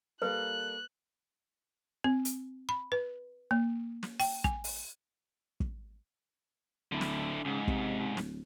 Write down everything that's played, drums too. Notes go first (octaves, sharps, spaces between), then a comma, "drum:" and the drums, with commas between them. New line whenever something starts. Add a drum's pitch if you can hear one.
G3 A#3 A4 B4 F#6
C4
drum: hi-hat
B5
B4
A#3
drum: snare
G5, drum: open hi-hat
G#5, drum: kick
drum: open hi-hat
drum: kick
D1 D3 E4
drum: snare
C#2 G#2 C#3
C3, drum: kick
D1, drum: snare